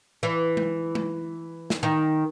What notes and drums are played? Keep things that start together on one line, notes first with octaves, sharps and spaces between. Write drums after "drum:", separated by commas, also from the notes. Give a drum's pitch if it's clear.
E3
drum: tom G#3
drum: tom G#3
drum: snare
D#3